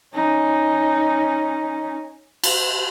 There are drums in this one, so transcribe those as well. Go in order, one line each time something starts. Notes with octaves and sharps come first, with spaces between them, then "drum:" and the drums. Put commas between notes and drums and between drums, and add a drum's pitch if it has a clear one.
C#4 D#4
drum: cymbal